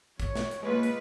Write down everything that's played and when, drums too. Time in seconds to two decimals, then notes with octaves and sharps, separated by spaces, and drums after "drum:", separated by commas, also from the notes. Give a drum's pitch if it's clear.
0.20 C#5, drum: kick, hi-hat
0.35 drum: snare
0.51 drum: hi-hat
0.63 G#3 A#3 F4 B4
0.83 drum: hi-hat